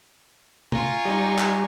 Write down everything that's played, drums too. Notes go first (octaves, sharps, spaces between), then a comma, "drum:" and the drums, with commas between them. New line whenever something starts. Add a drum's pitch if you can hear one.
F4 G#5 A#5 C#6, drum: tom
G3 D#4 G4
drum: clap